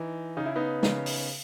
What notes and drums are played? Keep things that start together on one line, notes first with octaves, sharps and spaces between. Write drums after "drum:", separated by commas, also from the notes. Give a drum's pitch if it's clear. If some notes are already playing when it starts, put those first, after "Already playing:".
Already playing: E3 D#4
C#3 D#4
E4
B3 D#4
C#3, drum: snare
drum: open hi-hat